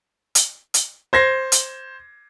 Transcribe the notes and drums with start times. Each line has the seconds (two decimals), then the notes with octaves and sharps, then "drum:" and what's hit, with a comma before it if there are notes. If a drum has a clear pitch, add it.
0.35 drum: hi-hat
0.74 drum: hi-hat
1.13 C5 G#6 A#6 C7
1.52 drum: hi-hat